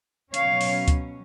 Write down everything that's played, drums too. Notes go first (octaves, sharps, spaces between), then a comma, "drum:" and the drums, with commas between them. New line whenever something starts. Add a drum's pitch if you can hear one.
B2 F#3 C#4 C#5 F5, drum: hi-hat
drum: open hi-hat
drum: kick C#2, hi-hat